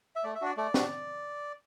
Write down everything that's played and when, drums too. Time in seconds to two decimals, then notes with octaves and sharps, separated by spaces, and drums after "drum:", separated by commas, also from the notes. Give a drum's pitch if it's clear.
0.16 E5
0.24 A3 D5
0.35 E5
0.41 D4 F#4 D5
0.57 A3 D5
0.74 D4 F#4, drum: snare